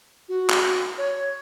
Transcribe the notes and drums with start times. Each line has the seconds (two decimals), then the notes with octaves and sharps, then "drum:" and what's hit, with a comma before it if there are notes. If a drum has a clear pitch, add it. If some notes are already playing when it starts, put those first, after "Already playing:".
0.29 F#4
0.50 drum: clap
0.98 C#5